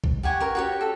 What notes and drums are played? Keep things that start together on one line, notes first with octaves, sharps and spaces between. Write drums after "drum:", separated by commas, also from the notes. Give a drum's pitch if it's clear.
drum: kick
G4 F#5 G#5 C#6
A#4 C#5
F#4 G4 C#5
A4